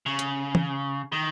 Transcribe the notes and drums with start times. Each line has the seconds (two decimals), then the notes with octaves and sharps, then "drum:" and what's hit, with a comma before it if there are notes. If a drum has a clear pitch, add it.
0.06 C#3
0.19 drum: hi-hat
0.55 drum: tom
1.12 D#3